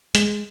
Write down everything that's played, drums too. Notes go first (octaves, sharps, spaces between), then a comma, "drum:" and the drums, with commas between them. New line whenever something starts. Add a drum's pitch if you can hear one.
G#3, drum: hi-hat